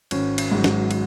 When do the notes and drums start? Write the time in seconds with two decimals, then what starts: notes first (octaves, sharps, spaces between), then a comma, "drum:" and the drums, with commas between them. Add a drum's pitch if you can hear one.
0.11 G#1 C#4, drum: cymbal
0.38 drum: cymbal
0.52 G#2 F#3
0.64 drum: snare
0.91 drum: cymbal